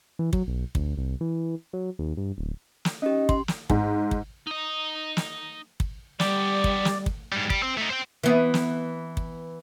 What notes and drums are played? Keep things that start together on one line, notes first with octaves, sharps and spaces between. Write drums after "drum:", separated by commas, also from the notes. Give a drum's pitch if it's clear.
E3
F#3, drum: kick
B1
D2, drum: kick
C2
E3
F#3
D#2
G2
D1
drum: snare
C#4 D#4 G4
C6, drum: kick
drum: snare
G#2, drum: kick
drum: kick
D#4 D#5
drum: snare
drum: kick
G3 B3 G4 D5, drum: snare
drum: kick
drum: snare
drum: kick
G#2 G3
G3, drum: kick
C4
A3 D#4
C5 G5
E3 B3
drum: snare
drum: kick